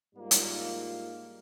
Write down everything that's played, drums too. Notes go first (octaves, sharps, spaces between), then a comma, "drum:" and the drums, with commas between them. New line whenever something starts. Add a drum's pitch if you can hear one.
G#2 G3 A#3 F4
drum: hi-hat